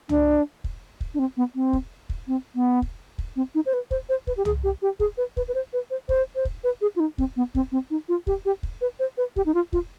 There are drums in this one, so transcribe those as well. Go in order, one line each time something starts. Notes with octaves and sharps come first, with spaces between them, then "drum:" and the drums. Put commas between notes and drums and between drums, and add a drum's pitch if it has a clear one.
D4, drum: tom
drum: kick
drum: kick
D4
C4
B3
C4
drum: kick
drum: kick
C4
B3
drum: kick
drum: kick
C4
D#4
C5
B4
C5, drum: kick
C5
B4, drum: kick
G4
G#4, drum: tom
G4
G4
G#4, drum: kick
B4
B4, drum: kick
B4
C5
B4
C5
C5, drum: kick
C5
drum: kick
B4
G#4
F4
D#4
C4, drum: kick
B3
C4, drum: kick
C4
D#4
F4
G4, drum: kick
G4
drum: kick
B4
C5
B4
G4, drum: kick
D#4
F4
F4, drum: kick